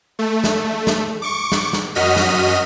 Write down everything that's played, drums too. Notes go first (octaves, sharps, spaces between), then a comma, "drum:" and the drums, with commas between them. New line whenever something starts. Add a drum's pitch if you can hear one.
A3
drum: snare
drum: snare
C#6 D6
drum: snare
drum: snare
F#2 F#4 D#5 F6 B6 D#7
drum: snare